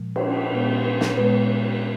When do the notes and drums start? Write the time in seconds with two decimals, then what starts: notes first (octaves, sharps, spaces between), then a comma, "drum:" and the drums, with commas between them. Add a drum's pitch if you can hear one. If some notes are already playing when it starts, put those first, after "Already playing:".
Already playing: A#2 F3 G#3
0.16 drum: cymbal
0.52 A#2 G#3 B3 B4
0.84 B4
1.01 drum: snare
1.17 A#2 G#3 B3 B4